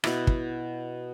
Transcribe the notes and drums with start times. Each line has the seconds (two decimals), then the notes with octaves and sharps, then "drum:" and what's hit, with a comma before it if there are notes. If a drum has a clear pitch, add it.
0.04 B2 E4, drum: rim click
0.27 drum: kick